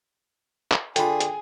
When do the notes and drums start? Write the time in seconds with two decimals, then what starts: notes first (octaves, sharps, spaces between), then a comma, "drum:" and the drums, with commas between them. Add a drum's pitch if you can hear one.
0.71 drum: clap
0.96 D3 F4 G#4 G5 B5, drum: hi-hat
1.20 drum: hi-hat